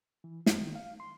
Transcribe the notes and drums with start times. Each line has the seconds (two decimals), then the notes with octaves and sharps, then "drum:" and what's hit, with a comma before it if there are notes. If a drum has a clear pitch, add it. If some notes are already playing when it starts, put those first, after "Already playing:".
0.24 E3
0.46 F#2, drum: snare
0.60 D#3
0.75 F5
1.00 C6